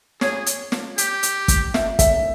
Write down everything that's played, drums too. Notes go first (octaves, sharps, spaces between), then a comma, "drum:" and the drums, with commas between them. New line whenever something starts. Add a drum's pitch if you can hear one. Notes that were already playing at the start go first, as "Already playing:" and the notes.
G#4 C#5, drum: snare
drum: hi-hat
drum: snare
G4, drum: hi-hat
drum: hi-hat
drum: kick G1, hi-hat
E5, drum: snare
E5, drum: kick G1, hi-hat